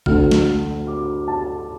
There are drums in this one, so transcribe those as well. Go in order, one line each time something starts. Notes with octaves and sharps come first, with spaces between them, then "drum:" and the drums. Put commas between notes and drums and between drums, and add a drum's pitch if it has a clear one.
D2 D3 A3 F6, drum: kick A1
drum: snare
D6
A5